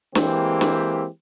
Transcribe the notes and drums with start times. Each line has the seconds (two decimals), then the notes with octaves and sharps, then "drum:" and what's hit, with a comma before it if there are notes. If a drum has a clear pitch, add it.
0.15 E3 G#3 A#3 C4 G4, drum: snare
0.61 drum: snare